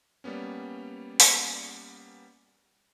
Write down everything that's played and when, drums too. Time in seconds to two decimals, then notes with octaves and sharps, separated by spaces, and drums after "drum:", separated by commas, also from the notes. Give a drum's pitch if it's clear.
0.24 G3 A#3 B3 C#4
1.20 drum: open hi-hat